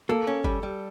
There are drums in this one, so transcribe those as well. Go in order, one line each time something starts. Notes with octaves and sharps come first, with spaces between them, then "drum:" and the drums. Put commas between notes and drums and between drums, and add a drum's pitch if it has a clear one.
A#3 A4
C#4
G3, drum: kick G1
G3